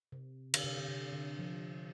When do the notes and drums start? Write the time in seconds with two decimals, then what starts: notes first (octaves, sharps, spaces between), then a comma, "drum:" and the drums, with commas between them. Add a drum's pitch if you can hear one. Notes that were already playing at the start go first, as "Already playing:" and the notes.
0.12 C3
0.54 D3, drum: cymbal
0.64 C3
0.77 D3
0.88 C3
1.13 D3
1.39 F3